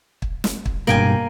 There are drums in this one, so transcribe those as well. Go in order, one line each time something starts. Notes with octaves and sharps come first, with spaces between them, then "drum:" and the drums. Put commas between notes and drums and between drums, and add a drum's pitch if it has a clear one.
drum: kick
drum: snare
drum: kick
B1 G2 A#3 G5 G#5